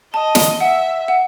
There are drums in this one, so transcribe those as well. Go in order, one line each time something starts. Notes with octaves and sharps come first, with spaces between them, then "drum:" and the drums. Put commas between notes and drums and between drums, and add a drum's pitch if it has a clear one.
D#5 A5
drum: snare
E5 F#5
F#5